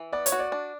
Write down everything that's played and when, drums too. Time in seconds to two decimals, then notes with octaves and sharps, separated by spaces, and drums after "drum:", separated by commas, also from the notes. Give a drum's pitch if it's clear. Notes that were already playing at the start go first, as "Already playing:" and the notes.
Already playing: E3
0.13 B3 D5
0.26 C#5, drum: hi-hat
0.32 F#4
0.39 D5
0.52 D4